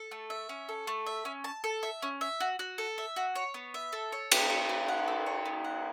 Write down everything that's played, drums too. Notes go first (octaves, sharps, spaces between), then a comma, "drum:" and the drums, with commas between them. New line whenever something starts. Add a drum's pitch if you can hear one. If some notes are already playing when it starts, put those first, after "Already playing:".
Already playing: A4
A3
E5
C#4
A4
A3
E5
C#4
A5
A4
E5
C#4
E5
F#4
F#4
A4
E5
F#4
C#5
B3
E5
A4
C#5
B3, drum: cymbal
C#5
B3
F#5
A4
C#5
B3
F#5